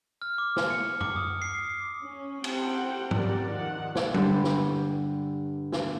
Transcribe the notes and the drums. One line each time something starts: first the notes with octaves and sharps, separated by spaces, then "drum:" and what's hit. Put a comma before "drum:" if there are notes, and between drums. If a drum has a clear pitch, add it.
F6
D6
drum: snare
C#7
D6, drum: tom F#2
D#6
C7
C#4
C4 G4 F#5 G5, drum: cymbal
C4 C#4 G4 A#4 D5 F#5, drum: tom
D#3 F3 F4 F#5
drum: snare
G2 D3 G3, drum: tom F#3
drum: snare
drum: snare